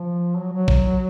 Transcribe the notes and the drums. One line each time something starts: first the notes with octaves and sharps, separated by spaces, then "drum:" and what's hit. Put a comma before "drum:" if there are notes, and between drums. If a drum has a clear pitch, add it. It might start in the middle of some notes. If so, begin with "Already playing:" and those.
Already playing: F3
F#3
F#3
drum: kick